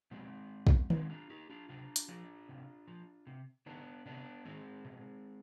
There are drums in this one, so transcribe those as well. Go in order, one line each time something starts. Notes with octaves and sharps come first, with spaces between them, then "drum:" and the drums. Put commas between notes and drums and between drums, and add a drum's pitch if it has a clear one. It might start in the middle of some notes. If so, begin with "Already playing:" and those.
B2 G#3 C4
drum: kick
B2 G#3 C4, drum: tom D#3
D4 F4
D#4 G4
D4 F4
C3 D4 F4
drum: hi-hat
F3 D4 F4
C3
F3
C3
D#3 B3 D4
C3 B3 D4
D#3 G#3 C4
B2